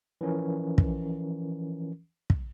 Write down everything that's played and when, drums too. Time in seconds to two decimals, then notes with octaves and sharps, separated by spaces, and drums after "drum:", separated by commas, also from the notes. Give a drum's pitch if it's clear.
0.21 E3 F3 C#4 A#4
0.78 drum: kick
2.30 drum: kick